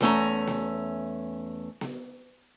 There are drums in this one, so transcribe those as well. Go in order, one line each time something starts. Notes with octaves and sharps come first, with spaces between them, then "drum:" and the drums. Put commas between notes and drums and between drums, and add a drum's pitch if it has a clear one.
E2 A3 C#4 A#5
drum: snare B3
drum: snare B3